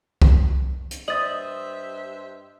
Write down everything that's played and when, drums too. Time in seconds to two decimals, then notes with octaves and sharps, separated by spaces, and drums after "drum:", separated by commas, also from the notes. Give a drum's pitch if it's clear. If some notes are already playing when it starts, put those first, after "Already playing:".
0.22 drum: kick C2
0.91 drum: hi-hat
1.08 G2 C5 D#5 E5 D#6 A6 F#7